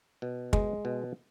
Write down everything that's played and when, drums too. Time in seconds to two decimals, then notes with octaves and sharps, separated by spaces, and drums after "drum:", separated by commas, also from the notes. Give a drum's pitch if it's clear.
0.22 B2
0.53 G#3, drum: kick
0.85 B2